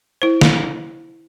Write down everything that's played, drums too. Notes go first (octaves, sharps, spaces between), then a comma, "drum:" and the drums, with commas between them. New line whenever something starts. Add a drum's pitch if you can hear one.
E4 C5
drum: snare